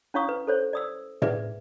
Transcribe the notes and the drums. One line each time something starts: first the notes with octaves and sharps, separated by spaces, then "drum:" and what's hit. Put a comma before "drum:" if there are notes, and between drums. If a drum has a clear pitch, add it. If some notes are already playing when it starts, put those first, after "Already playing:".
C#4 E4 C#5 F5 C#6 D#6
B4
A4 C5 C#5
D5 D#6 E6
G#4 B4 D5 E5, drum: tom A2